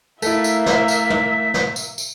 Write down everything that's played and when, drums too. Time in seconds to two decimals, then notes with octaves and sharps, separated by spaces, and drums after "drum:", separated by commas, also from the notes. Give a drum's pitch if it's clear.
0.22 A3 A#3 E4 A4 E5 B6, drum: tambourine
0.44 drum: tambourine
0.66 drum: snare
0.88 drum: tambourine
1.10 drum: tom
1.54 drum: snare
1.76 drum: tambourine
1.98 drum: tambourine